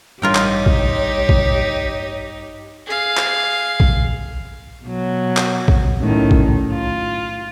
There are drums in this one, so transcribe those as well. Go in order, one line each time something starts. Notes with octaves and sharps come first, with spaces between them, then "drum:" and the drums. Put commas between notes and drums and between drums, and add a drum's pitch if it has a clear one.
A1 G2 D#4 F4 G4 A#4 C#5 G5
drum: clap
drum: kick A#1
drum: kick A#1
G#4 F5
drum: clap
drum: kick A#1
B2 F#3
drum: clap
drum: kick A#1
F#2 A2 D#3
drum: kick A#1
F4